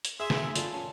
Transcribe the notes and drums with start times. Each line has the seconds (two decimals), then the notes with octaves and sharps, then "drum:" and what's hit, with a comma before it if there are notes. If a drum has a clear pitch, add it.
0.05 drum: hi-hat
0.20 G#4 E5 C6
0.30 drum: snare
0.56 A2 F4 A4 D5, drum: hi-hat
0.72 F#2 C#4 A5